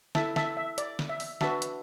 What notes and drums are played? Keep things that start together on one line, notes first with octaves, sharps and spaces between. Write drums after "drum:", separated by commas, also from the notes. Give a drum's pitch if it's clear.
E4 A4 E5 A5, drum: snare
E5 A5, drum: snare
E5
D5, drum: hi-hat
drum: snare
E5
drum: open hi-hat
D4 F#4 B4 E5 A5, drum: snare
drum: hi-hat